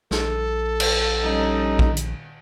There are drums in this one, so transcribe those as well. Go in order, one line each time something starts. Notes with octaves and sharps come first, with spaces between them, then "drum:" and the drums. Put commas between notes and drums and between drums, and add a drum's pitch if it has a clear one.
A#1 A4, drum: snare
drum: cymbal
G3 C#4 D#4
drum: kick
drum: hi-hat